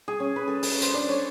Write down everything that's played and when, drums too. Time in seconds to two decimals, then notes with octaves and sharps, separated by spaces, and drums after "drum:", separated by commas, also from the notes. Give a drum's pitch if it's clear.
0.08 G#4
0.20 C#4
0.36 B4
0.48 A4
0.63 A4, drum: open hi-hat
0.82 C5, drum: hi-hat
0.94 D4
1.09 C#5